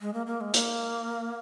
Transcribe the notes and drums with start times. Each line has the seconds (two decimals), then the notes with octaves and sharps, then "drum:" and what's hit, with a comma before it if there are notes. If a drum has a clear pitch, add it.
0.01 G#3
0.14 A#3
0.26 A#3
0.41 G#3
0.54 A#3, drum: hi-hat